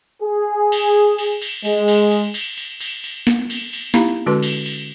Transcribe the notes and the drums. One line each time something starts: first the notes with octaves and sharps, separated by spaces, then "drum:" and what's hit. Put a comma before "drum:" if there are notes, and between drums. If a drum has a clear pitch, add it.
G#4
drum: cymbal
drum: cymbal
drum: cymbal
G#3, drum: cymbal
drum: cymbal
drum: cymbal
drum: cymbal
drum: cymbal
drum: cymbal
drum: cymbal
drum: snare
drum: cymbal
drum: cymbal
D#4 E4 G4 F5 A#5, drum: snare
D3 G#3 C#4 F#4 B4 C6
drum: cymbal
drum: cymbal